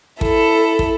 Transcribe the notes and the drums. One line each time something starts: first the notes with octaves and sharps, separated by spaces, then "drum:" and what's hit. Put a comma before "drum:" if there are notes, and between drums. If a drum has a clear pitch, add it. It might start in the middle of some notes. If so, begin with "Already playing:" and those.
E4 A4, drum: kick
drum: kick